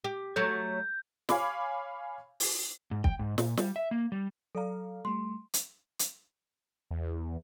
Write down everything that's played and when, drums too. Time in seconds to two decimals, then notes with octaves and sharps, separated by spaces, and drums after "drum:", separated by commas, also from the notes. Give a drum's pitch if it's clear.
0.04 G4
0.36 F#3 A3 C#5 G6
1.29 C#5 F5 G#5 B5 D6, drum: snare
2.40 drum: open hi-hat
2.91 G#2
3.04 G5, drum: kick
3.19 G#2
3.38 A#2, drum: snare
3.57 G3, drum: snare
3.76 E5
3.91 A#3
4.12 G3
4.55 F#3 A4 D5 F5 A#5
5.05 G3 A3 C6
5.54 drum: hi-hat
5.99 drum: hi-hat
6.91 E2